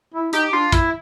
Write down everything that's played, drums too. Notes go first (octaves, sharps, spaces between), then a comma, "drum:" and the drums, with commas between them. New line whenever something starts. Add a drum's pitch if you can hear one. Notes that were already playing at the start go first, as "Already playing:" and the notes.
E4
D#4 G4, drum: hi-hat
D4 F4
E4, drum: kick, hi-hat